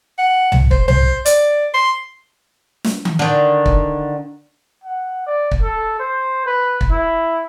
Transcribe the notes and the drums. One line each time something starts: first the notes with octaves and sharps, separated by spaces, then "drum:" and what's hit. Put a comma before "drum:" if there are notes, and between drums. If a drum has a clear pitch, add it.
F#5
drum: tom C2
C5, drum: kick
C5, drum: tom C2
D5, drum: hi-hat
C6
drum: snare
drum: tom D#3
D3 D#3
drum: kick
F#5
D5
drum: kick
A4
C5
B4
drum: kick
E4